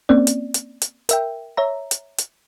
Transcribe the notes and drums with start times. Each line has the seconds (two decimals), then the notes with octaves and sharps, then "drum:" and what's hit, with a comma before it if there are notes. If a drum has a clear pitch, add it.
0.09 A#3 C4 C#4 D5
0.27 drum: hi-hat
0.54 drum: hi-hat
0.82 drum: hi-hat
1.09 A#4 E5 G5, drum: hi-hat
1.57 C#5 E5 A#5
1.91 drum: hi-hat
2.18 drum: hi-hat